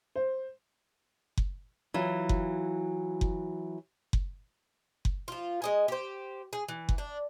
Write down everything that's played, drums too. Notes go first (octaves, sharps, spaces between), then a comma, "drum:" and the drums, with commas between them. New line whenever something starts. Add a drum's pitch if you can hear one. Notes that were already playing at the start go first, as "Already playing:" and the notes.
C5
drum: kick F#1
E3 F#3 F4
drum: kick F#1
drum: kick F#1
drum: kick F#1
drum: kick F#1
F3 F4
G#3 D#5 G#5
G4 C5
G#4
E3
drum: kick F#1
D4